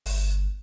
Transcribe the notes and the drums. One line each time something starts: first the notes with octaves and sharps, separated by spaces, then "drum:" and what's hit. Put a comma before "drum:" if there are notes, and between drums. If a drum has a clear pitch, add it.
G1, drum: open hi-hat